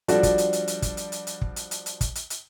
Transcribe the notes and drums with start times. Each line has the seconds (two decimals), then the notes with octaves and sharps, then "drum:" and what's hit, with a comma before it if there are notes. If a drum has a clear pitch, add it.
0.08 F3 G3 D4 F#4 A4, drum: hi-hat
0.23 drum: kick, hi-hat
0.38 drum: hi-hat
0.53 drum: hi-hat
0.68 drum: hi-hat
0.82 drum: kick, hi-hat
0.97 drum: hi-hat
1.12 drum: hi-hat
1.27 drum: hi-hat
1.41 drum: kick
1.56 drum: hi-hat
1.71 drum: hi-hat
1.86 drum: hi-hat
2.01 drum: kick, hi-hat
2.15 drum: hi-hat
2.30 drum: hi-hat